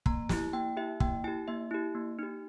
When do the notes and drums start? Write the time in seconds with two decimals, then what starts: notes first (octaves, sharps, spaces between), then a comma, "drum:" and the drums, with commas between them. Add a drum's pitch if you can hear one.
0.06 A#3 A#5, drum: kick
0.29 E4 G4, drum: snare
0.53 A#3 G5
0.77 E4 G4 E5
1.00 A#3 G5, drum: kick
1.24 E4 G4 G#5
1.48 A#3 E5
1.71 E4 G4
1.95 A#3
2.19 D#4 G4